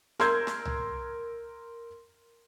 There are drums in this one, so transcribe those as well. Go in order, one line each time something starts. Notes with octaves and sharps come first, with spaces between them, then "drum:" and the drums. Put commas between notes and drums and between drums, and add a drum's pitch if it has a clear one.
A#4 C6 E6 G6 G#6, drum: snare
drum: snare
drum: tom C2